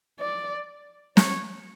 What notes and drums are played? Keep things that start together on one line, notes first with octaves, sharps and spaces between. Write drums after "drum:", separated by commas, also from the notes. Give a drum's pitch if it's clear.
D5
C#5, drum: snare